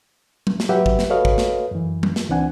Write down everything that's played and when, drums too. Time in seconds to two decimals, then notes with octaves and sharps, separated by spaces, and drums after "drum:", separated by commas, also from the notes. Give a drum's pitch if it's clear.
0.47 drum: tom
0.60 drum: snare
0.69 F#3 G4 B4 E5 F#5
0.86 drum: kick
0.99 drum: snare
1.10 F#4 A4 B4 C#5 D#5 F5
1.25 drum: kick
1.38 drum: snare
1.71 F#2 E3
2.03 drum: tom
2.16 drum: snare
2.29 C#2 E3 C4 D4 F#5 G#5